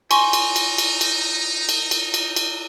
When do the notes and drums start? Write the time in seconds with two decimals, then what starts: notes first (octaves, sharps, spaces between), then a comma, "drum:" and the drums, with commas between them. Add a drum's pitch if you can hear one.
0.11 D#4 G#5 C6 C#6, drum: cymbal
0.33 drum: cymbal
0.56 drum: cymbal
0.78 drum: cymbal
1.01 drum: cymbal
1.69 drum: cymbal
1.91 drum: cymbal
2.14 drum: cymbal
2.36 drum: cymbal